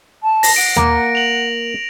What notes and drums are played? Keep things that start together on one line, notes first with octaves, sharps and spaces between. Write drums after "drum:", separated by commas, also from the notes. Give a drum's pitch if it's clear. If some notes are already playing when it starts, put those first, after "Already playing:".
A5
A#6, drum: open hi-hat
F#5 D7
A#3, drum: tom D#2
F7 F#7